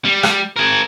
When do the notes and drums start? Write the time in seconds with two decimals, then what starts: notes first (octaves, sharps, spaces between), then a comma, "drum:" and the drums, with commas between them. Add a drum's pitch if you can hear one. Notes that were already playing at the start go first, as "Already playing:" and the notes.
0.05 G3
0.23 drum: rim click
0.56 G#4 A#4